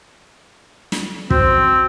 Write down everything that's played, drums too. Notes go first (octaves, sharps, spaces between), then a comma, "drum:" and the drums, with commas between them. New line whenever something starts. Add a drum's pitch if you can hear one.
drum: snare
C4 F#4 C5, drum: kick